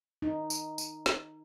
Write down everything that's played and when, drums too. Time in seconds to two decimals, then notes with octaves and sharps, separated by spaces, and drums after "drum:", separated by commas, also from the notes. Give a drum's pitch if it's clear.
0.22 D#4
0.50 drum: tambourine
0.78 drum: tambourine
1.06 drum: snare